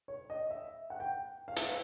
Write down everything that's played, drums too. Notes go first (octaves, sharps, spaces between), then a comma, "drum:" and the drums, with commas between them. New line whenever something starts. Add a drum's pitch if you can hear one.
C#5
D#5
E5
F#5
G5
F5
E5, drum: hi-hat